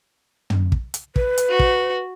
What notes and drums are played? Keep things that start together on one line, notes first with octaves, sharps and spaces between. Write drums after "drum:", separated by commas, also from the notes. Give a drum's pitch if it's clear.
drum: tom
drum: kick
drum: hi-hat
B4, drum: kick
drum: hi-hat
F#4
drum: kick